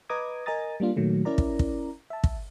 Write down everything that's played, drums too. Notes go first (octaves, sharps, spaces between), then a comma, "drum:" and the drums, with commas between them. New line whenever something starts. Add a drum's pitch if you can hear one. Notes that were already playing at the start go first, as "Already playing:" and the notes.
B4 D#5 A#5 D6 D#6 G#6
A#4 D#5 G#5 A#5 D#6 A6
G3 A#3 D4 F4
A#2 D#3 F#3 A3
C#4 E4 A#4 D5 A#5
drum: kick
drum: kick
E5 A5
drum: kick